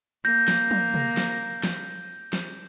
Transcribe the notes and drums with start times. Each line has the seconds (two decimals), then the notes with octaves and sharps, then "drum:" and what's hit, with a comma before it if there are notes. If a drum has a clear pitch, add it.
0.25 A#3 G6 A#6
0.48 drum: snare
0.71 drum: tom
0.94 drum: tom
1.17 drum: snare
1.64 drum: snare
2.33 drum: snare